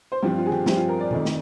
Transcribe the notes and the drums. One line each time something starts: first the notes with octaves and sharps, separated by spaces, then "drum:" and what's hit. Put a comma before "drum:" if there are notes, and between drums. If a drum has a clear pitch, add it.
C5
G2 F3 C4 G4
F4
G#4
G4, drum: tom D#3
G2 F3 C4 G4, drum: snare
F4
A#4
D5
F1 F2 D#3, drum: tom B2
drum: snare